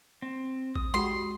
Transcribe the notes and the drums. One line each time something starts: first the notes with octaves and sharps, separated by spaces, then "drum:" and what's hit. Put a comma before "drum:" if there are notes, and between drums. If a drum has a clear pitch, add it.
C4
D#6, drum: kick A1
G#3 F#4 G4 C6